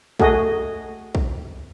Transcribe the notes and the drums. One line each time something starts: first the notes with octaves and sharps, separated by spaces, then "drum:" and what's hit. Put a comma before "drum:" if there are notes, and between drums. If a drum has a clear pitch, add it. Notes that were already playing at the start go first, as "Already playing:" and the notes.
A3 F#4 G#4 D#5, drum: kick
drum: kick